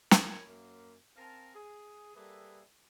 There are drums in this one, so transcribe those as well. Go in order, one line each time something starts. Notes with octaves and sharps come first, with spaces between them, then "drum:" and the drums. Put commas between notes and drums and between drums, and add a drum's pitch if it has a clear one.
A#4 C#5 G#5 B5, drum: snare
F#2 A#3
C4 A#4 F5 G#5 A5
G#4
G3 A#3 G#4 A4 B4 E5